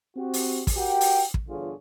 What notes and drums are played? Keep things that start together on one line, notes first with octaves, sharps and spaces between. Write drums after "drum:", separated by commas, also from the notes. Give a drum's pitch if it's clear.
C4 F#4 G4
drum: open hi-hat
drum: kick, open hi-hat
F#4 G4 A#4 F#5 G5
drum: open hi-hat
drum: kick
G1 D3 E3 F4 G#4 C#5